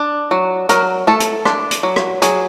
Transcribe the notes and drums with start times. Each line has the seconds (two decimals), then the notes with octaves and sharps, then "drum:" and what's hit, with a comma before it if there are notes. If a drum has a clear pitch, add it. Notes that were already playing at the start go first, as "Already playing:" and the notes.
Already playing: D4
0.31 F#3
0.69 F#3 A#4, drum: hi-hat
1.07 A3 A4
1.20 drum: hi-hat
1.45 D4, drum: rim click
1.71 drum: hi-hat
1.83 F#3
1.96 drum: rim click
2.22 F#3 G#4, drum: hi-hat